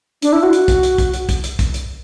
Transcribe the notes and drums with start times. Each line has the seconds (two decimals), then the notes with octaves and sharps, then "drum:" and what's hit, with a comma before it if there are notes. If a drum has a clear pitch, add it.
0.22 D4, drum: hi-hat
0.33 E4
0.43 F#4
0.53 drum: hi-hat
0.68 drum: kick, hi-hat
0.83 drum: hi-hat
0.98 drum: kick, hi-hat
1.14 drum: hi-hat
1.29 drum: kick, hi-hat
1.44 drum: hi-hat
1.59 drum: kick, hi-hat
1.74 drum: hi-hat